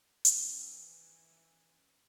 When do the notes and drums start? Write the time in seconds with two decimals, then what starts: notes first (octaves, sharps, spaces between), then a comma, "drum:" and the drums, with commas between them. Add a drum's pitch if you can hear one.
0.25 G#2 D#3 E3 C#4, drum: hi-hat